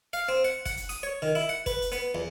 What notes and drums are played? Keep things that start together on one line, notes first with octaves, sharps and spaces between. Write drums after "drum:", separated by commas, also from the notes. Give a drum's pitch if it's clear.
F5
C4
F#5
F#5, drum: kick, hi-hat
drum: hi-hat
D#6, drum: hi-hat
C#5
D#3
E4
F#5
B4, drum: kick, hi-hat
drum: hi-hat
B3, drum: hi-hat
E2